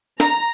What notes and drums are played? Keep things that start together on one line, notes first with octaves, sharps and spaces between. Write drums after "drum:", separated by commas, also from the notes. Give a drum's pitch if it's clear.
A#5, drum: snare